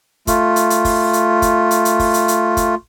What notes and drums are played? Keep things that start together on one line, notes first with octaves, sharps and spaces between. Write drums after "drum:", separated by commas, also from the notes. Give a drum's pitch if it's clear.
A3 F4, drum: kick, hi-hat
drum: hi-hat
drum: hi-hat
drum: kick, open hi-hat
drum: hi-hat
drum: kick, hi-hat
drum: hi-hat
drum: hi-hat
drum: kick, open hi-hat
drum: hi-hat
drum: hi-hat
drum: kick, hi-hat